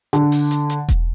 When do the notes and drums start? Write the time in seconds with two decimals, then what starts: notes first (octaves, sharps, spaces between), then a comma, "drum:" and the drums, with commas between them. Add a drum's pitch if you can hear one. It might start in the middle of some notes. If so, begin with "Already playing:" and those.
0.13 D3, drum: hi-hat
0.32 drum: open hi-hat
0.51 drum: hi-hat
0.70 drum: hi-hat
0.88 drum: kick E1, hi-hat